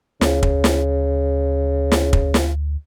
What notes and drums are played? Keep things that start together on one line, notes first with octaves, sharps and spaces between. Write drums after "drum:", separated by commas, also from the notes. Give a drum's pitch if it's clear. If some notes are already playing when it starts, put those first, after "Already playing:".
D2 C#3, drum: snare
drum: kick
drum: snare
drum: snare
drum: kick
drum: snare